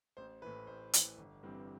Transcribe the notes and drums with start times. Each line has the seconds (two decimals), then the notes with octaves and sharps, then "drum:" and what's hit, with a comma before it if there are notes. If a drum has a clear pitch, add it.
0.17 A1 C5
0.42 A2 E3 B4
0.67 A1 C5
0.93 A2 E3, drum: hi-hat
1.17 G1
1.43 G2 E3 G3 C4